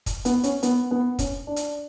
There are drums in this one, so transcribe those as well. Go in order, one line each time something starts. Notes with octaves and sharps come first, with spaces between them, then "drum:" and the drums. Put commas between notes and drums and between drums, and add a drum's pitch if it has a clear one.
drum: kick, hi-hat
B3, drum: hi-hat
C#4, drum: hi-hat
B3, drum: hi-hat
B3
C#4, drum: kick, hi-hat
D4
drum: hi-hat